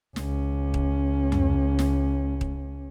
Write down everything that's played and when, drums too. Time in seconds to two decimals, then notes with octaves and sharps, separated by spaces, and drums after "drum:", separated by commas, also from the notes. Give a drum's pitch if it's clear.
0.16 C#2 C#4, drum: snare
0.74 drum: kick D#1
1.32 drum: tom F2
1.79 drum: snare
2.41 drum: kick D#1